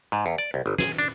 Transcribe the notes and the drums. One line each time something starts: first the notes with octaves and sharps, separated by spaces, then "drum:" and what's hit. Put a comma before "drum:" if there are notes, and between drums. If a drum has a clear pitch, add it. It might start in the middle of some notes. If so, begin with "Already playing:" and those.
G#2
E2
D5
C2
G1
G#4, drum: snare
D4